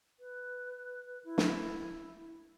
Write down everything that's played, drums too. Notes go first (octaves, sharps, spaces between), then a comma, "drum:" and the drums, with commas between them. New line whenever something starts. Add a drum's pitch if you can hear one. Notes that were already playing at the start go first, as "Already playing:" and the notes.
B4
E4
drum: snare